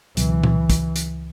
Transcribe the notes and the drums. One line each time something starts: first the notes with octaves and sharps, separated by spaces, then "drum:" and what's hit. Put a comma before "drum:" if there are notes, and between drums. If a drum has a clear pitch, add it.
C#2 B2 E3 F#3, drum: hi-hat
drum: tom A#2
drum: kick, hi-hat
drum: hi-hat